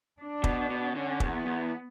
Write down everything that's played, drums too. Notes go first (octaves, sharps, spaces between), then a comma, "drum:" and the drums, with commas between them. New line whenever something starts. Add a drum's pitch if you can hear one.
D4
B2, drum: kick
B2
D3 C#4
E2, drum: kick
B3
E2